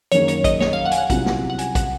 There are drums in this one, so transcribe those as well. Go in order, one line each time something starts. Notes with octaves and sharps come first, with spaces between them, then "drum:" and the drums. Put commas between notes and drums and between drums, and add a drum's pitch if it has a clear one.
F#2 D#3 A#3 C#4 G#4 C#5, drum: hi-hat
C#5, drum: hi-hat
D#5, drum: kick, hi-hat
C#5, drum: snare
F5
F#5
G#5, drum: hi-hat
F#5
C2 C3 F#3 C#4 F4 F#5, drum: kick, hi-hat
drum: snare
F#5
G#5, drum: hi-hat
F#5, drum: kick, hi-hat